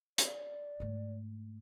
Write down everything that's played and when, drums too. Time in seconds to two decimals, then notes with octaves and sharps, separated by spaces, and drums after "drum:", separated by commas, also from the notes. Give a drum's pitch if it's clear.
0.18 D5, drum: hi-hat
0.80 G#2 A3